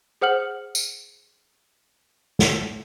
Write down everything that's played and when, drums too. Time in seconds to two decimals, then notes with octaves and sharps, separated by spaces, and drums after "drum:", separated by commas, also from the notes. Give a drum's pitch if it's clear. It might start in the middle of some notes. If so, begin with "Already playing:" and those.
0.21 G#4 C5 F#5 F6 F#7
0.75 drum: tambourine
2.39 drum: snare